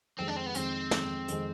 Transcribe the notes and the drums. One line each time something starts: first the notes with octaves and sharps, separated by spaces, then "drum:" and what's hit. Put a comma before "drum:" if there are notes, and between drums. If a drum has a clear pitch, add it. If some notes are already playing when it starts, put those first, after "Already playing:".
F2 D#3 G#3 C4
D4
C4
B3
F2 D#3 G#3 C4, drum: hi-hat
F2 D#3 G#3, drum: snare
F2 D#3 G#3, drum: hi-hat